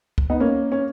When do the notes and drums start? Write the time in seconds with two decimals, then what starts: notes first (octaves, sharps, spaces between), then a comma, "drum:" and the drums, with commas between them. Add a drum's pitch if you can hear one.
0.18 drum: kick
0.30 B3 D#4
0.40 A#3 C#4
0.72 C#4